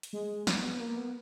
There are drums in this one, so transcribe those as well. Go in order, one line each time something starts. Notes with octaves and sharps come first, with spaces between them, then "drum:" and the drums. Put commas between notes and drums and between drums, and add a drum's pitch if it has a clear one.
drum: hi-hat
G#3
B3, drum: snare
A#3
B3